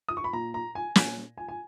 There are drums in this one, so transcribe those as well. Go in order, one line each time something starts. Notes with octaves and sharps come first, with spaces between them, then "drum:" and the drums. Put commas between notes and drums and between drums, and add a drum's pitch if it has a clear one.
D#6
C#6
B5
A#2 A#5
A#5
G#5
A#2 G#5, drum: snare
G#5
G#5